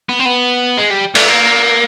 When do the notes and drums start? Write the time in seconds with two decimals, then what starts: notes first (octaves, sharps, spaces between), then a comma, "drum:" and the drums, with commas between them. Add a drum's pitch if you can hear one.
0.09 B3
0.19 C4
0.26 B3
0.77 G#3
0.90 G3
1.15 A3, drum: cymbal
1.29 A#3